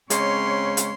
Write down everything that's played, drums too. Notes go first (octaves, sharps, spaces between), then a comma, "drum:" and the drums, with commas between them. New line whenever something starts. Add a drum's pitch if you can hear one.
C#3 G#3 C4 C#5 C6, drum: hi-hat
drum: hi-hat